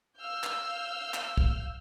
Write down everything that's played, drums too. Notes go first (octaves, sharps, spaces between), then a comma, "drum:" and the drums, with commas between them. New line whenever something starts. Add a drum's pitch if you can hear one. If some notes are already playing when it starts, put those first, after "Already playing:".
F5 E6 F6 G6
drum: clap
drum: clap
drum: kick